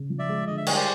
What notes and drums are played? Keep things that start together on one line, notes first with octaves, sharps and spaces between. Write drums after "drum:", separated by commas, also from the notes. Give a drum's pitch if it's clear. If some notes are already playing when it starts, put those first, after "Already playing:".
Already playing: C#3
F3
D5 E5
G#3
D3 D#5
E5
G3 C#5 D#5, drum: cymbal
C5 D5